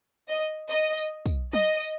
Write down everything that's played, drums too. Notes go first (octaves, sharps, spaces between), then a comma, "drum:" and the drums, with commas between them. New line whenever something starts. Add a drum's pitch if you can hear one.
D#5
D#5, drum: tambourine
drum: tambourine
drum: kick, tambourine
D#5, drum: tom
drum: tambourine